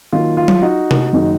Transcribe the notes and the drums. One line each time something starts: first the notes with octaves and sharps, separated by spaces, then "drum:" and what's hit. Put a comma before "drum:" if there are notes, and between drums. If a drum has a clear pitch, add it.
D#3 F#3 A#3 F4
F4
drum: tom F#3
D#4 F#4
drum: tom C3
F#1 D#3